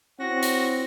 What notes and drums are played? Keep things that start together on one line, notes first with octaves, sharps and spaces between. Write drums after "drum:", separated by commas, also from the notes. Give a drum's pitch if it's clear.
C4 E4 F#4 C#5 A#6
drum: hi-hat